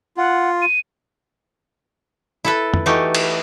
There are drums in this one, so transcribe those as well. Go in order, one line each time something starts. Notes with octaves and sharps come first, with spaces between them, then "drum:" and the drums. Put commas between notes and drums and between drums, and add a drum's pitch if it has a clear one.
F4 F#5
D#7
E4 A4 B4
drum: tom F2
E3 A3 D#4 F#4 G4
drum: cymbal